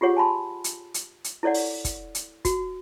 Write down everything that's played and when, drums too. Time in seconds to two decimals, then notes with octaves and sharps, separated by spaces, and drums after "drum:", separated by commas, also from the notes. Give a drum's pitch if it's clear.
0.01 F4 G4 G#4 C#5 F#5
0.17 G#5 A5 B5 C6
0.64 drum: hi-hat
0.94 drum: hi-hat
1.24 drum: hi-hat
1.43 E4 A4 C#5 D5 F#5
1.54 drum: open hi-hat
1.85 drum: kick, hi-hat
2.15 drum: hi-hat
2.45 F#4, drum: kick, hi-hat